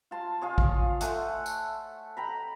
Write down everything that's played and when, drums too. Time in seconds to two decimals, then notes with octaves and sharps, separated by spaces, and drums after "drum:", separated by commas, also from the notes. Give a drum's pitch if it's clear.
0.11 F4 A5 C6
0.42 F4 G#4 C#5
0.58 drum: kick A1
1.01 A3 F#5 G#5 C6, drum: hi-hat
1.46 drum: tambourine
2.17 G5 A#5 B5